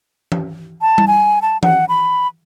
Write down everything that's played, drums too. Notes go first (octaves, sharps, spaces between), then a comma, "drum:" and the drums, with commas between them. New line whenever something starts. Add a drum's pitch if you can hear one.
drum: tom E3
A5
drum: tom G3
G#5
A5
F#5, drum: tom E3
B5